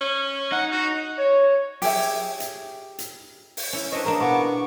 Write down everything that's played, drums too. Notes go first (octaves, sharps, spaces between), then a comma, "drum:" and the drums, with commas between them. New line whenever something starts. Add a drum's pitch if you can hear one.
C#4
D#4 F#5
F#4
C#5
G4 G#4 E5, drum: open hi-hat
drum: hi-hat
drum: hi-hat
drum: open hi-hat
C#4 E4
C4 D4 B4 D#5 C#6
G#3 A#3 D4 A#4
B2 B3 C#6 D6
C#6